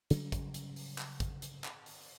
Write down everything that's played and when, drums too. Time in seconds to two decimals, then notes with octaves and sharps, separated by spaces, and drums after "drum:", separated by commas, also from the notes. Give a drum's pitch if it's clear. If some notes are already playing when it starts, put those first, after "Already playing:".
0.10 C#3 F#3 G3 C#4, drum: hi-hat
0.32 drum: kick, hi-hat
0.54 drum: hi-hat
0.76 drum: open hi-hat
0.98 drum: clap
1.20 drum: kick, hi-hat
1.42 drum: hi-hat
1.64 drum: clap
1.86 drum: open hi-hat